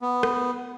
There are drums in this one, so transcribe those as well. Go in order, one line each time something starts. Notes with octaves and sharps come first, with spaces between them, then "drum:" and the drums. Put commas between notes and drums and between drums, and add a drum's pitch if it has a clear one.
B3
drum: rim click